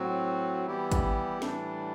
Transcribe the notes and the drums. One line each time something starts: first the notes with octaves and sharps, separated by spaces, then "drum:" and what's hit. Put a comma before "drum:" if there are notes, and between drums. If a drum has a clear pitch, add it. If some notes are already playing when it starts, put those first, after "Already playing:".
Already playing: A2 F#3 C4 F#4
E3 G3 B3 E4 G4
drum: kick, hi-hat
A2 E3 G3 D4, drum: snare